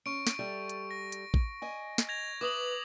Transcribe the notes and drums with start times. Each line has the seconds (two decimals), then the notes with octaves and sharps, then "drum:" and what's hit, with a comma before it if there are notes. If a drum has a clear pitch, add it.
0.06 C#4 C#6 D7
0.27 drum: snare
0.39 G3 A4 E5
0.69 drum: hi-hat
0.91 A#6
1.12 drum: hi-hat
1.34 drum: kick A1
1.62 D#5 G#5
1.98 drum: snare
2.09 G#6 A#6 F7
2.41 B4 E5 D6 D#6 F#7